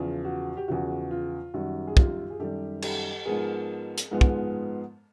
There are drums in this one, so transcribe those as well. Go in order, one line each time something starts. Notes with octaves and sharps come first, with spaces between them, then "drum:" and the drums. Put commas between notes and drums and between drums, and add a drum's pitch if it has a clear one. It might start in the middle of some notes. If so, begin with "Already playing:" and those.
Already playing: E2 C#3 F3
F#4
G4
E2 C#3 F3 F#4
F4
F#2 D#3 G3 F#4
G#4
F4 G4, drum: kick
G#4
F#2 D#3 G3 G4 A4
G4 A4, drum: cymbal
G#2 F3 G#3 B3 G#4 A#4
drum: hi-hat
G#2 F3 G#3 B3
drum: kick